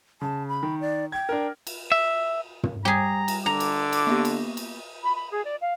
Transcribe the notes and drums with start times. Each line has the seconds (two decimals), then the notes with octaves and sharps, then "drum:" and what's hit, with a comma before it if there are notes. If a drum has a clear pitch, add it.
0.21 C#3 A5
0.48 B5
0.63 D#3
0.81 D5
1.12 G5 G#6
1.29 D4 A#4
1.67 drum: cymbal
1.92 E5
2.63 drum: tom
2.85 G3 G4 G#4 A#5
3.28 drum: cymbal
3.46 D3 A#5 D6
3.60 drum: cymbal
3.93 drum: cymbal
4.07 A#3 B3 G4
4.25 drum: cymbal
4.57 drum: cymbal
5.03 B5
5.16 B5
5.31 G#4
5.45 D5
5.61 F5